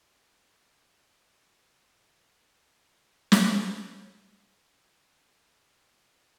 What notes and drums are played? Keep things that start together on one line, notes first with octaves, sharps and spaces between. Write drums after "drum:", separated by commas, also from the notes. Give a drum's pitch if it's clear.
F#4 G#4 C#5
D3 G#4 A#4
drum: snare
F#4 G#5
G3 D#4 A6